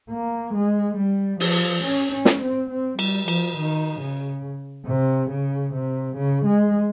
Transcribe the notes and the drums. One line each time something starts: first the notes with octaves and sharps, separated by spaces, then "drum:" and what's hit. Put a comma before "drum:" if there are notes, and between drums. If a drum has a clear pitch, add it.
A#3
G#3
G3
F3, drum: open hi-hat
C#4
C#4
drum: snare
C4
C4
G3, drum: cymbal
F3, drum: cymbal
D#3
C#3
C3
C#3
C3
C#3
G#3